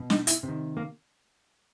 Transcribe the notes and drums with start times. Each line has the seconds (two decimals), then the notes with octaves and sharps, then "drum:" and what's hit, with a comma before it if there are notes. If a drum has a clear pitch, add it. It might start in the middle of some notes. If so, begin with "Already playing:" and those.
Already playing: B2
0.10 D#4, drum: snare
0.27 E4, drum: hi-hat
0.43 C3
0.48 D#3
0.77 A#3